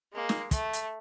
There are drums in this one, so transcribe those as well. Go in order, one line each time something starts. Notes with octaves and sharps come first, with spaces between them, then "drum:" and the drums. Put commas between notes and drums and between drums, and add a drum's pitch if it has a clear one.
G#3 A#3
drum: snare
A3, drum: kick, hi-hat
drum: hi-hat